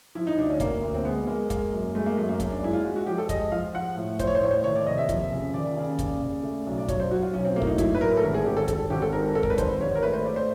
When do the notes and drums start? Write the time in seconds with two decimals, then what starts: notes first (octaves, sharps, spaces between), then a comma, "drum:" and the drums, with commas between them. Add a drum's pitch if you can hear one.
0.15 F3 E4
0.27 D#4
0.38 D2 D4
0.49 C#4
0.60 D2 A#3, drum: kick, hi-hat
0.83 D2
0.94 C4
1.05 G#3 B3
1.27 G#3 A#3
1.50 G#3 A#3, drum: kick, hi-hat
1.72 F#2
1.95 G#3 A3
2.06 A#3
2.17 F#2 A3
2.29 A#3
2.40 F#2 A#3, drum: kick, hi-hat
2.51 D4
2.63 G#3 E4
2.73 F4
2.85 G#3 F#4
2.96 F#4
3.07 F3 G4
3.18 A4
3.29 G#3 D#5, drum: kick, hi-hat
3.52 F3 F5
3.75 F3 F#5
3.97 A2
4.19 F3 C5, drum: kick, hi-hat
4.27 C#5
4.35 C5
4.42 A2 C#5
4.51 C5
4.64 D#2 C#5
4.75 D5
4.87 F1 D#5
4.98 E5
5.09 F3, drum: kick, hi-hat
5.32 C#3
5.54 D#2 D5
5.77 C#3
5.99 C#3, drum: kick, hi-hat
6.21 C#3
6.43 A3
6.67 B1
6.78 D5
6.88 F#3 C#5, drum: kick, hi-hat
7.00 C5
7.11 F#3 F#4
7.22 F4
7.33 B1 C#4
7.45 C4
7.56 A3 A#3
7.62 E4, drum: kick
7.67 D#4
7.78 F#3 E4, drum: kick, hi-hat
7.95 B4
8.01 A2 A#4
8.17 A4
8.23 G#1 A#4
8.34 G#4
8.46 G#1 G4
8.57 A4
8.68 G#1 A4, drum: kick, hi-hat
8.90 G#1 G4
9.02 A4
9.13 G#2 A#4
9.35 G#2 A4
9.43 A#4, drum: kick
9.50 B4
9.58 G#1 C5, drum: kick, hi-hat
9.80 G#1 C#5
9.95 A#4
10.03 A3 B4
10.13 C5
10.25 A3 D5
10.36 C5